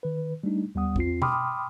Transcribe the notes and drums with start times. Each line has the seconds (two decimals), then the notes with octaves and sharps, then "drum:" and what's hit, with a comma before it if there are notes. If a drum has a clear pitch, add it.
0.03 D#3 B4
0.44 G3 A3 D4 D#4
0.75 D#2 G3 B3 F#5 D#6
0.96 E2 C4 F4 C7, drum: kick
1.22 G5 B5 C6 D6 D#6 F6, drum: tom B2